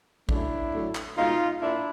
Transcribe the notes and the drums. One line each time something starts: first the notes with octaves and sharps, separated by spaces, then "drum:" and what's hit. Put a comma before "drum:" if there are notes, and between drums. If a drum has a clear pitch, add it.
C#3 F#3 A3 D4 E4, drum: kick A1
A2 F#3 A3
drum: clap
B2 G#3 D#4 F4
A#2 D4 E4